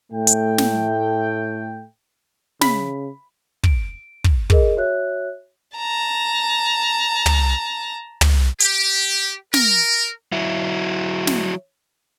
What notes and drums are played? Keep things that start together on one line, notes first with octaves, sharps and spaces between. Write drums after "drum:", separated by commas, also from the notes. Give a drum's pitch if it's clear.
A2 A3 G5
drum: hi-hat
drum: snare
C#3 B5, drum: snare
D7, drum: kick
drum: kick
G#4 A#4 D#5, drum: kick
F#4 C#5 E5 F#6
A5 A#5
drum: tom
drum: tom
G4, drum: hi-hat
A#4, drum: snare
F#3 E4
drum: snare